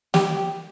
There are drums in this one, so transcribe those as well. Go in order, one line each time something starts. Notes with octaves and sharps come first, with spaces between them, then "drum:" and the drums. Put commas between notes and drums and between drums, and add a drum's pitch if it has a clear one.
G4, drum: snare